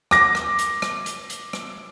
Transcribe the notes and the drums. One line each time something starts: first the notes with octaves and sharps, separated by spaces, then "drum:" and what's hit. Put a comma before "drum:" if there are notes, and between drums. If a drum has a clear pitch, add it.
D6 A#6, drum: rim click
drum: rim click
drum: hi-hat
drum: rim click
drum: hi-hat
drum: hi-hat
drum: rim click